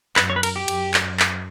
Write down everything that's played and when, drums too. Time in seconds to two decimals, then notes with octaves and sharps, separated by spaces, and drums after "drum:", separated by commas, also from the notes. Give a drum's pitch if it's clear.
0.16 F#2 B4, drum: clap
0.30 C#5
0.36 B4
0.43 A#4, drum: cymbal
0.56 G4
0.68 F#2, drum: cymbal
0.94 drum: clap
1.20 drum: clap